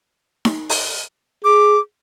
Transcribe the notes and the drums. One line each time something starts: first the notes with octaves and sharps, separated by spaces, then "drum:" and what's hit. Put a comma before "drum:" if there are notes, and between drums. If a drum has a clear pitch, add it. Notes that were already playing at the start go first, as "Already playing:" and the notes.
drum: snare D#4
drum: open hi-hat
G#4 D6